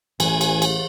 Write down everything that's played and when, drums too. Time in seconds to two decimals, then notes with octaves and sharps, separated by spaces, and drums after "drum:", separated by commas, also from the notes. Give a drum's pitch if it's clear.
0.20 A1 E3 G#5, drum: cymbal
0.41 drum: cymbal
0.62 drum: cymbal